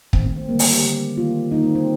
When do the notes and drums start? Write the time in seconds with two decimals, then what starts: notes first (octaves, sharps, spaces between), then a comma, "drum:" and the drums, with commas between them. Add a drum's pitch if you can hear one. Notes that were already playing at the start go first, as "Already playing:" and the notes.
0.13 D#3 A3 C4, drum: kick
0.25 C4
0.36 C4
0.49 D3 G3 A#3
0.59 C4, drum: open hi-hat
0.71 G4
0.83 D3 G3 A#3
1.17 D#3 A#3 F4
1.51 D#3 A#3 D#4
1.64 C4
1.75 C4